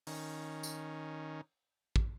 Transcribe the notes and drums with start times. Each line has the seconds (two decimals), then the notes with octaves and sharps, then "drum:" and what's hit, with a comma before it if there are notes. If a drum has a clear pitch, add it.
0.07 D#3 C#4, drum: open hi-hat
0.63 drum: tambourine
1.96 drum: kick